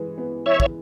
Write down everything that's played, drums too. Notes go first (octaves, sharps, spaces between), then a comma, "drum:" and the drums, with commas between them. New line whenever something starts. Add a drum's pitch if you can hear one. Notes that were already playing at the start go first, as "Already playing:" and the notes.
Already playing: E3 G#3
B3
E3 C#5 E5
drum: kick